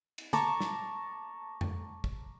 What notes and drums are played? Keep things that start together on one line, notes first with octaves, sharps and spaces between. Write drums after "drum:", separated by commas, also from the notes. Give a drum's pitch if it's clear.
drum: cymbal
A5 A#5 C#6 D6, drum: hi-hat
drum: snare
drum: tom F2
drum: kick